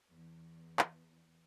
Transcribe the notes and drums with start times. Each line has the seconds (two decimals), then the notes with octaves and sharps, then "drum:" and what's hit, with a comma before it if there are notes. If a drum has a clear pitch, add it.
0.10 E2
0.79 drum: clap